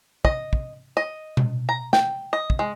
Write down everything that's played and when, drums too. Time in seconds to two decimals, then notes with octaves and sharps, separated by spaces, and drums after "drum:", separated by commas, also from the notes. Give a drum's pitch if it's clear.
0.25 D#5, drum: kick
0.53 drum: kick
0.97 D#5
1.37 drum: tom B2
1.69 A#5
1.93 G5, drum: snare
2.33 D#5
2.50 drum: kick
2.59 G#3